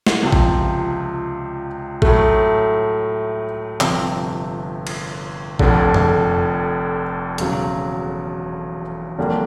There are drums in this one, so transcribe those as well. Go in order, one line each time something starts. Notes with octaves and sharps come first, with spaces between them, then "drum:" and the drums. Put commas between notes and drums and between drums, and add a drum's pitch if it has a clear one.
drum: snare
C#2 C3 F3
drum: kick A1
A2 F#3 A3, drum: kick A1
G1 F2 C3, drum: clap
drum: cymbal
F1 F2 D3, drum: kick A1
drum: tom F2
E1 E2 C#3 F#3, drum: hi-hat
F2 D3 G3 A#3 D4